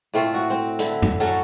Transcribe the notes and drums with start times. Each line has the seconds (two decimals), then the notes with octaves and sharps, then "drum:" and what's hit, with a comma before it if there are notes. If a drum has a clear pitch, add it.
0.14 A2 A3 C4 F4
0.34 F#4
0.50 C4
0.79 D3 E4, drum: hi-hat
1.02 drum: tom F#2
1.20 F#3 C#4 F#4 A4